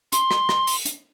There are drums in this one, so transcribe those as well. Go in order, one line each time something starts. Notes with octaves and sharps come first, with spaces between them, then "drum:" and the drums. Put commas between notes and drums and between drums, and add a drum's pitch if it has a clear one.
C6, drum: hi-hat
drum: rim click
drum: rim click
drum: open hi-hat
drum: hi-hat